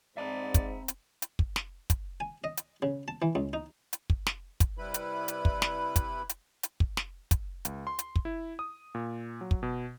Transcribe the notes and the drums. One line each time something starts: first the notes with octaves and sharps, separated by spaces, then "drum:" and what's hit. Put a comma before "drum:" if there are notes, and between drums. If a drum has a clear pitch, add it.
G#2 C4 D5 E5 A#5 B5
drum: kick, hi-hat
drum: hi-hat
drum: hi-hat
drum: kick
drum: snare
drum: kick, hi-hat
G#5
D#5
drum: hi-hat
C#3
A5
E3
C#2
D#4
drum: hi-hat
drum: kick
drum: snare
drum: kick, hi-hat
C3 G3 E4 B4 B5
drum: hi-hat
drum: hi-hat
drum: kick
drum: snare
drum: kick, hi-hat
drum: hi-hat
drum: hi-hat
drum: kick
drum: snare
drum: kick, hi-hat
C#2, drum: hi-hat
C6
drum: hi-hat
drum: kick
E4
D#6
A#2
F#3
drum: kick
B2